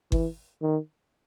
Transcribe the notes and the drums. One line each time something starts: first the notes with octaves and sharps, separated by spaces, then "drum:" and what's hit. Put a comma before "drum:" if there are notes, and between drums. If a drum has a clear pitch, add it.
E3, drum: kick G1
D#3